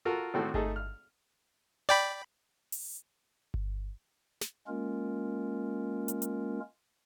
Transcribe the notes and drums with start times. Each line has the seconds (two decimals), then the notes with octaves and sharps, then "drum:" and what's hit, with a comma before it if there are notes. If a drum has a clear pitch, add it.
0.05 F4 F#4 A4 A#4
0.34 G#1 A2 C4 F#4 A4
0.54 A3 D#4 G#4 A4, drum: kick G1
0.76 F6
1.89 D5 G5 B5
2.72 drum: open hi-hat
3.54 drum: kick G1
4.41 drum: snare
4.67 G#3 A#3 C#4 F4 A#4
6.08 drum: hi-hat
6.22 drum: hi-hat